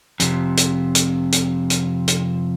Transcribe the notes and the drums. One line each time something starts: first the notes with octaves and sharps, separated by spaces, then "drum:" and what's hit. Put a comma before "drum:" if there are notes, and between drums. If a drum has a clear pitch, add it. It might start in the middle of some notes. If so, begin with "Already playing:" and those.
F2 C3, drum: hi-hat
drum: hi-hat
drum: hi-hat
drum: hi-hat
drum: hi-hat
drum: hi-hat